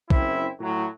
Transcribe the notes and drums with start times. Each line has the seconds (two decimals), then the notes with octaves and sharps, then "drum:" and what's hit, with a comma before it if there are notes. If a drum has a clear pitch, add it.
0.10 F#1 C4 E4 E5, drum: kick
0.60 A2 F#3